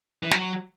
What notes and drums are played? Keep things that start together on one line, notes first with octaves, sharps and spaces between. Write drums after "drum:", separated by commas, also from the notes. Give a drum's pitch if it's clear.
E3
F#3, drum: snare